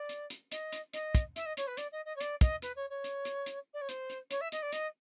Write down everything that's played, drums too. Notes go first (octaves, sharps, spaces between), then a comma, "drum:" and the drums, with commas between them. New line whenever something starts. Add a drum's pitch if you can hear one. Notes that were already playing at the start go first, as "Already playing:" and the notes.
Already playing: D5
drum: hi-hat
drum: hi-hat
D#5, drum: hi-hat
drum: hi-hat
D#5, drum: hi-hat
drum: kick, hi-hat
E5, drum: hi-hat
D#5
C#5, drum: hi-hat
B4
D5, drum: hi-hat
D#5
D#5
C#5
D5, drum: hi-hat
D#5, drum: kick, hi-hat
B4, drum: hi-hat
C#5
C#5
drum: hi-hat
drum: hi-hat
drum: hi-hat
D5
C#5
C5, drum: hi-hat
drum: hi-hat
C#5, drum: hi-hat
E5
D#5, drum: hi-hat
D5
D#5, drum: hi-hat